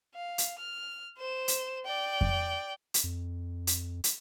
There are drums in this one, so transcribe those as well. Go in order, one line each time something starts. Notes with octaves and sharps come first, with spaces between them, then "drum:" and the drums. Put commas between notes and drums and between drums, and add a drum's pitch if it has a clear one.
F5
drum: hi-hat
F6
C5 E7
drum: hi-hat
D5 G5
drum: kick F2
drum: hi-hat
F2
drum: hi-hat
drum: hi-hat